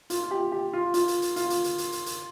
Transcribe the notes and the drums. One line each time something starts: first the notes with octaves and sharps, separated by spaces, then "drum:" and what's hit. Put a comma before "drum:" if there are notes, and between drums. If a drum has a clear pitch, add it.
F4, drum: hi-hat
F4
G4
G4
F4
F4, drum: hi-hat
drum: hi-hat
drum: hi-hat
F4, drum: hi-hat
drum: hi-hat
drum: hi-hat
drum: hi-hat
drum: hi-hat
drum: hi-hat